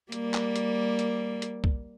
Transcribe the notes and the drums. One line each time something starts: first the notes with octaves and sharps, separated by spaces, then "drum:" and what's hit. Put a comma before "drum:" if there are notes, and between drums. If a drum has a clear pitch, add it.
G3 A#3, drum: hi-hat
drum: clap
drum: hi-hat
drum: hi-hat
drum: hi-hat
drum: kick